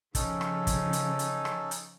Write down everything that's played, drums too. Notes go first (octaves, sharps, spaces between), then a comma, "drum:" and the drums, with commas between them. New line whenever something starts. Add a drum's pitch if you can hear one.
C#3 F3 C#4 D#4 A4, drum: kick, hi-hat
drum: rim click
drum: kick, hi-hat
drum: hi-hat
drum: hi-hat
drum: rim click
drum: hi-hat